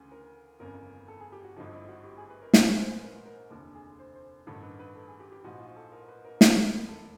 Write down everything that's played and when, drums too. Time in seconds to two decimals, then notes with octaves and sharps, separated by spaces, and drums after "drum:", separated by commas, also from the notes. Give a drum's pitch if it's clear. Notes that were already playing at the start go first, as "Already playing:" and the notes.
Already playing: D2 C#3 E3
0.12 A#4
0.60 G1 F2 C#3 E3 A#4
1.08 A4
1.20 G#4
1.32 G4
1.44 F#4
1.56 G#1 G2 D3 F3 D#4
1.73 E4
1.88 F#4
2.04 G4
2.17 G#4
2.30 B4
2.42 A#4
2.54 A#1 G#2 E3 A#4, drum: snare
2.66 B4
2.78 C5
2.90 B4
3.02 A#4
3.26 A#4
3.50 F1 D#2 D3 A4
3.75 G#4
3.99 C5
4.15 C5
4.47 A1 G2 D#3 A4
4.63 B4
4.79 B4
4.95 A4
5.08 G#4
5.20 G4
5.32 G4
5.44 A#1 G#2 F3 F#4
5.60 F4
5.76 A4
5.92 A#4
6.08 B4
6.25 A#4
6.41 E1 D#2 D#3 A#4, drum: snare
6.89 A4